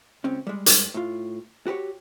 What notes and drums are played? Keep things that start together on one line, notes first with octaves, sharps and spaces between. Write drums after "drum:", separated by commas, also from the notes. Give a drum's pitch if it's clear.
C#2 C4 C#4
G3 G#3
drum: hi-hat
A2 F4
F#4 G4 B4 C#5